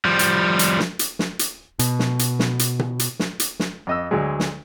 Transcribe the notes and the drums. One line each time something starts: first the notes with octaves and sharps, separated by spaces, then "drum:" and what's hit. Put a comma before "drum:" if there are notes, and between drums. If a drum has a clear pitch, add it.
F3 G3
drum: hi-hat
drum: hi-hat
drum: snare
drum: hi-hat
drum: snare
drum: hi-hat
B2, drum: hi-hat
drum: snare
drum: hi-hat
drum: snare
drum: hi-hat
drum: tom B2
drum: hi-hat
drum: snare
drum: hi-hat
drum: snare
F2 D#5 E6
D2 F#3 G#3
drum: snare